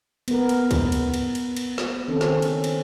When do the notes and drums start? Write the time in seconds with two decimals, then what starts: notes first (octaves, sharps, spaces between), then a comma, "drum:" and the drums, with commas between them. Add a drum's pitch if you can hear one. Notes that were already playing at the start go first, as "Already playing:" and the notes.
0.28 B3 A#4, drum: cymbal
0.49 drum: cymbal
0.71 drum: kick, cymbal
0.92 drum: cymbal
1.14 drum: cymbal
1.35 drum: cymbal
1.57 drum: cymbal
1.78 drum: snare
2.08 D#3 C4 C#4 A4
2.21 drum: snare
2.42 drum: cymbal
2.64 drum: cymbal